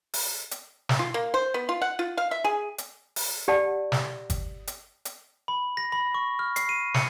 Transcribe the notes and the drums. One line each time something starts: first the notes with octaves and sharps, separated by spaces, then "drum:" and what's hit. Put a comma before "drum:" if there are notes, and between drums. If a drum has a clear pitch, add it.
drum: open hi-hat
drum: hi-hat
drum: snare
F4
A#3
C5
B3
F4
F#5
F4
F5
E5
G#4
drum: hi-hat
drum: open hi-hat
G4 D5 F#5 A5
drum: snare
drum: kick G1, hi-hat
drum: hi-hat
drum: hi-hat
B5
A#6
B5
C#6
F6
C7, drum: hi-hat
D#7
C#7, drum: snare